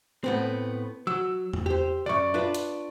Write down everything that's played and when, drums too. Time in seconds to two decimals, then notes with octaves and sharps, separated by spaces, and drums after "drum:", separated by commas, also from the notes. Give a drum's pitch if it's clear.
0.24 A2 B3 C4
1.07 F#3 E6
1.53 drum: tom E2
1.66 G4 C5
2.06 C#2 F#2 D5 C#6
2.34 D4 F4 B4
2.54 drum: hi-hat